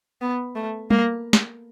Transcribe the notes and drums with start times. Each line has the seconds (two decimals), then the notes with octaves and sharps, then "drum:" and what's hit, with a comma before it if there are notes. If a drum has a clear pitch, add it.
0.21 B3
0.56 A3
0.91 A#3, drum: tom G3
1.33 drum: snare